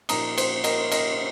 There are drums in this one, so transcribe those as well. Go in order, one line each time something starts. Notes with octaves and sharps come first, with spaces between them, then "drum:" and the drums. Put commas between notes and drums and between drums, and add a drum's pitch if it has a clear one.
A#2 F3 A#3 D#4 A#5 D#6, drum: cymbal
C5, drum: cymbal
A#4 D#5, drum: cymbal
A#4 D#5, drum: cymbal